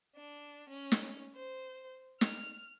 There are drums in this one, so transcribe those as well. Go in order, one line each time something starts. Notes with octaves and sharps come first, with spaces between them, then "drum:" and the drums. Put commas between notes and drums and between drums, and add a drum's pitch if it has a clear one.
D4
C#4
drum: snare
C5
F6, drum: snare